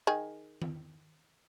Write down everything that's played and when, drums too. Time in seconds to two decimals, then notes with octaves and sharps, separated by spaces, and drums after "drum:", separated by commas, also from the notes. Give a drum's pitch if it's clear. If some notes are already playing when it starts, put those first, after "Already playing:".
0.07 D#3 G#4
0.62 drum: tom D#3